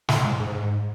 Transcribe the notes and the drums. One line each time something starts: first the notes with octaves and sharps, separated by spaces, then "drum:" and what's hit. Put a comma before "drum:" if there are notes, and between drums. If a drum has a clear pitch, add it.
A2, drum: snare
G#2
G#2